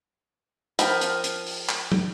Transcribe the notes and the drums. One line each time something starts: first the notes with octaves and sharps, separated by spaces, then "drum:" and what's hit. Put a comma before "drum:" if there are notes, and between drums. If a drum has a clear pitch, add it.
F3 A#4 G5 B5, drum: hi-hat
drum: hi-hat
drum: hi-hat
drum: open hi-hat
drum: clap
drum: tom